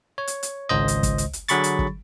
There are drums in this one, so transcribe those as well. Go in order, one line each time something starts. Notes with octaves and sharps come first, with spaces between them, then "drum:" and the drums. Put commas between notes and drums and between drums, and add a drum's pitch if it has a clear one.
C#5
drum: hi-hat
drum: hi-hat
G#1 C#2 C5 D#5
drum: hi-hat
drum: kick G1, hi-hat
drum: hi-hat
drum: hi-hat
D3 F#3 G#4 B5 C#6 A6, drum: hi-hat
drum: hi-hat
drum: kick G1